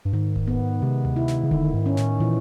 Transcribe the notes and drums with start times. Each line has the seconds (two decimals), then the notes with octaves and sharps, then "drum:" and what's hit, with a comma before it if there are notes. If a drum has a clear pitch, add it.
0.05 G2
0.13 G#2 D#3
0.36 drum: kick D#1
0.48 B3
0.82 C3 G#3
1.05 drum: tom D2
1.16 E4
1.28 drum: snare
1.44 C#3
1.51 D3 D#3, drum: kick D#1
1.74 G#2
1.86 C#4
1.97 A2, drum: snare
2.20 A#2 E3